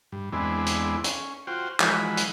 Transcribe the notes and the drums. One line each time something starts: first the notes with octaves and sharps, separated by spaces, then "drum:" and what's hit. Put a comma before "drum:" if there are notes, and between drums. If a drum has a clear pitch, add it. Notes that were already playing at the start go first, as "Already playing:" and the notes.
G2
E2 G#3 B3 C4 D4 E4
drum: hi-hat
C#4, drum: hi-hat
F4 F#4 C5 G5
E3 F3 G#3 D#4 F#4 B4, drum: clap
drum: hi-hat